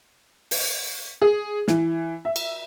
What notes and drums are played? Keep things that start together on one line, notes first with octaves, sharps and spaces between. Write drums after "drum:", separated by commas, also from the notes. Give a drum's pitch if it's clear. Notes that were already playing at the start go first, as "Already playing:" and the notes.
drum: open hi-hat
G#4
E3, drum: snare
E5
drum: cymbal